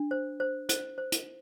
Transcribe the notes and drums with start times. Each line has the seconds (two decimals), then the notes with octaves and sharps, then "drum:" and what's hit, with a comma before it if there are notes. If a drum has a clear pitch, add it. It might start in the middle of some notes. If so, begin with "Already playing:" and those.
Already playing: D4
0.11 C5
0.40 C5
0.69 C5, drum: hi-hat
0.98 C5
1.12 drum: hi-hat